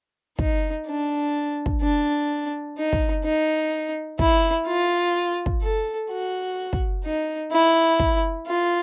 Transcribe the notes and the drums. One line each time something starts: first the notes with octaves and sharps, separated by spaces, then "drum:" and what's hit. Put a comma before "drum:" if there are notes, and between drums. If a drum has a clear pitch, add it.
D#4, drum: kick
D4
drum: kick
D4
D#4
drum: kick
D#4
E4, drum: kick
F4
drum: kick
A4
F#4
drum: kick
D#4
E4
drum: kick
F4